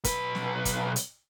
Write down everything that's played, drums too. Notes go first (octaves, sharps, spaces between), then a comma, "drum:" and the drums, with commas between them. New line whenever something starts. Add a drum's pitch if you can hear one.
B1 B4, drum: kick, hi-hat
drum: snare
drum: kick, hi-hat
drum: hi-hat